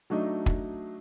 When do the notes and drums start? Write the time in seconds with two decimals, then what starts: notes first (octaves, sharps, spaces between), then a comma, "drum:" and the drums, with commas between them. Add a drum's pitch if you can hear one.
0.10 F#3 A3 D4 D#4 D#5
0.46 drum: kick